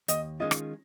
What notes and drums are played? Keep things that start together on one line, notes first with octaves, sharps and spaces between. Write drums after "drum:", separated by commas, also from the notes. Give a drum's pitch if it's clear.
D#2 D#5, drum: hi-hat
D#3 G#3 C#4 F4 D#5
drum: rim click